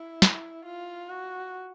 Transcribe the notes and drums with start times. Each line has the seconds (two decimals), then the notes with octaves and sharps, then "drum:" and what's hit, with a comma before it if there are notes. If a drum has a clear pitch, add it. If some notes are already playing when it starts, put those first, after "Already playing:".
Already playing: E4
0.22 drum: snare
0.66 F4
1.10 F#4